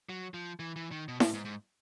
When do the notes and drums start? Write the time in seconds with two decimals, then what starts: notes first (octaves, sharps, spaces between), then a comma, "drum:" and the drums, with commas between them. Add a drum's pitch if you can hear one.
0.09 F#3
0.34 F3
0.59 E3
0.76 E3
0.91 D#3
1.08 B2
1.20 A2, drum: snare E4
1.34 G#2
1.45 G#2